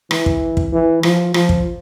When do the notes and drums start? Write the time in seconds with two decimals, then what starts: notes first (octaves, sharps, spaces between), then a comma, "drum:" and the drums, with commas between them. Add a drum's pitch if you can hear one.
0.11 E3, drum: rim click
0.26 drum: kick
0.57 drum: kick
0.73 E3
1.03 F3, drum: rim click
1.34 F3, drum: rim click
1.49 drum: kick